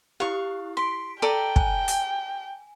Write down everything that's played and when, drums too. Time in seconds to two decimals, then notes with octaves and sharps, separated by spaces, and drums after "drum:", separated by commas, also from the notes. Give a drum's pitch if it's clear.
0.20 E4 G4 F5 C#6
0.77 C6 B6 D7
1.22 A4 D5 G5 A#5 D#7
1.56 G#5, drum: kick
1.88 drum: hi-hat